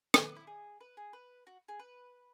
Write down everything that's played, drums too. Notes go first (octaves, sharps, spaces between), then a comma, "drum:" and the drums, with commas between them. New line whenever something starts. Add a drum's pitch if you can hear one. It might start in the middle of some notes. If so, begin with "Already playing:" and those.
G#4, drum: rim click
B4
E4
G#4
B4
G#4
B4
F#4
G#4
B4